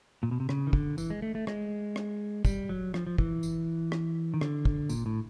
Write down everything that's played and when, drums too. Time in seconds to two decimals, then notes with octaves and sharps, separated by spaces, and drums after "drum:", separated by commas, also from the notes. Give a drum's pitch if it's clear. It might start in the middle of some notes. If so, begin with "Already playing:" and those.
0.23 A#2
0.31 B2
0.40 C3
0.49 C#3, drum: rim click
0.67 D#3
0.73 D3, drum: kick
0.98 E3, drum: tambourine
1.10 G#3
1.22 A3
1.35 A3
1.47 G#3, drum: rim click
1.96 drum: rim click
2.45 G3, drum: kick, tambourine
2.69 F#3
2.94 F3, drum: rim click
3.07 F3
3.18 E3, drum: kick
3.43 drum: tambourine
3.92 drum: rim click
4.34 D#3
4.41 D3, drum: rim click
4.65 drum: kick
4.89 A#2, drum: tambourine
5.06 A2